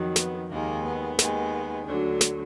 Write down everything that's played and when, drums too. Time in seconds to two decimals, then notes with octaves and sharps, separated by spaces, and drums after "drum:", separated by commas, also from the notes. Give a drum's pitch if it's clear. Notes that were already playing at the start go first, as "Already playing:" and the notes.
Already playing: F2 D#3 F#3
0.16 B3, drum: snare
0.50 D#2 D#3 G#3 A#3
0.85 B3
1.19 D#2 D#3 G#3, drum: snare
1.86 D2 D3 F#3 D4
2.21 drum: snare